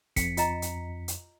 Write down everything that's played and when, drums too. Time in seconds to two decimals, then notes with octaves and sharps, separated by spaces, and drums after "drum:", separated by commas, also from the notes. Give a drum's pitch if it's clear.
0.16 F2 B6 C#7, drum: kick, hi-hat
0.37 F4 D#5 A#5, drum: hi-hat
0.62 drum: hi-hat
1.08 drum: hi-hat